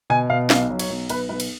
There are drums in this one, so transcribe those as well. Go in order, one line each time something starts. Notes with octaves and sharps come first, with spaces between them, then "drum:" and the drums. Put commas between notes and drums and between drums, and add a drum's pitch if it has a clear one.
B2 G#5
B2 F5
B1 F5, drum: snare
F#3
C#5, drum: cymbal
B1
B1 B4, drum: cymbal
B1 B4
drum: cymbal